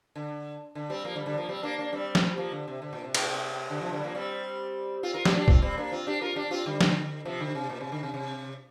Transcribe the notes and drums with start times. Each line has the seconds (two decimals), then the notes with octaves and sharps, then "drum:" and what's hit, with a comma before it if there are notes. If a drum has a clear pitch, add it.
0.15 D3
0.75 D3
0.90 G3 C4
1.04 F3 A#3
1.15 D3 G3
1.26 D3 G3
1.37 F3 A#3
1.49 G3 C4
1.63 A#3 D4
1.78 A#3 D4
1.92 G3 C4
2.15 drum: snare
2.37 F3 A#3
2.52 D3
2.68 C3
2.82 D3
2.93 A#2
3.04 C3
3.15 A#2, drum: cymbal
3.26 C3
3.70 D3
3.81 C3 F3
3.92 D3 G3
4.04 F3 A#3
4.15 G3 C4
5.03 C4 F4
5.14 F4 A#4
5.25 D4 G4, drum: snare
5.37 D4 G4
5.48 C4 F4, drum: kick
5.62 G3 C4
5.77 A#3 D4
5.92 C4 F4
6.07 D4 G4
6.21 F4 A#4
6.36 D4 G4
6.51 C4 F4
6.66 D3 G3
6.81 D3, drum: snare
7.25 C3 F3
7.40 D3
7.55 C3
7.69 A#2
7.81 C3
7.92 D3
8.03 C3
8.14 C3